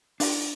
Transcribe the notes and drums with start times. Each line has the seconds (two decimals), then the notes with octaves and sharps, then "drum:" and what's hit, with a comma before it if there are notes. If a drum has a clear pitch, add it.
0.20 D4, drum: open hi-hat